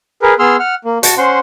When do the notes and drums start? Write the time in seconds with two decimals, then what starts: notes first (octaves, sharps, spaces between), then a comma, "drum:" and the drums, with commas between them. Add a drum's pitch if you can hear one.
0.22 G#4 A#4 B4
0.39 B3 G#4 C6 E6 F6
0.60 F#5 F6
0.85 A#3
1.03 F#4 A5 C#6, drum: hi-hat
1.18 C#4 C5 F#5 C6